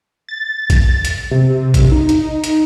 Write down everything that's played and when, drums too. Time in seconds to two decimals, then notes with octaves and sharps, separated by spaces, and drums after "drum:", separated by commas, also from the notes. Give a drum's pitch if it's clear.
0.29 A6
0.70 drum: kick A#1, hi-hat
1.05 drum: hi-hat
1.31 C3
1.74 drum: kick A#1, hi-hat
1.91 D#4
2.09 drum: hi-hat
2.44 drum: hi-hat